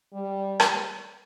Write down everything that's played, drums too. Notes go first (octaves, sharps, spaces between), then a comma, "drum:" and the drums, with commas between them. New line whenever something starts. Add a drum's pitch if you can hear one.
G3
drum: rim click